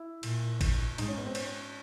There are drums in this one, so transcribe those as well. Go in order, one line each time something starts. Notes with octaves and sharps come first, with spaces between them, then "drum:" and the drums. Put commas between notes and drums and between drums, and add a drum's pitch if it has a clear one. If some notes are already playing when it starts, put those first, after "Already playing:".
Already playing: E4
A#2, drum: cymbal
drum: kick, cymbal
G#2 D#4, drum: cymbal
C#4
B3
C4
C#4, drum: cymbal